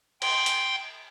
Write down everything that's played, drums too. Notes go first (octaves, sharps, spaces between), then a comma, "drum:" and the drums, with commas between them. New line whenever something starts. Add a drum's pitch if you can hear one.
G5 C6, drum: cymbal
drum: hi-hat